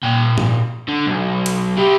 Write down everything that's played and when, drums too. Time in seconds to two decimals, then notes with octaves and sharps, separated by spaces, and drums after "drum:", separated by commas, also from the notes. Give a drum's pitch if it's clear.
0.03 A#2 G5
0.38 drum: tom G#2
0.88 D3
1.07 B1
1.46 drum: cymbal
1.77 E4 G4